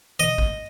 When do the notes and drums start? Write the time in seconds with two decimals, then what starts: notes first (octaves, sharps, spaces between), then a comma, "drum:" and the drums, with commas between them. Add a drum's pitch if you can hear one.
0.20 D#5
0.38 drum: kick A1